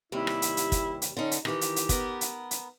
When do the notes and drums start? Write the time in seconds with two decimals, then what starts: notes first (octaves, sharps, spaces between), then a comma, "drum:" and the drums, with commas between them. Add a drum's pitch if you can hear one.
0.12 D#2 C3 G3 E4
0.27 drum: rim click
0.42 drum: hi-hat
0.57 drum: hi-hat
0.72 drum: kick, hi-hat
1.02 drum: hi-hat
1.17 D3 C#4 D#4
1.31 drum: hi-hat
1.45 D#3 E3 G4, drum: rim click
1.61 drum: hi-hat
1.76 drum: hi-hat
1.89 B3 A#4, drum: kick, hi-hat
2.21 drum: hi-hat
2.51 drum: hi-hat